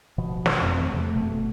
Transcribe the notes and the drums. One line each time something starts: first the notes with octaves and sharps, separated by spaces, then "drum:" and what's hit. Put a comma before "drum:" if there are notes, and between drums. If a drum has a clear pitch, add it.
G1 B2 F3
drum: snare
F2 E3 A3 C4
E2 C3 A3
F#1 B2 A3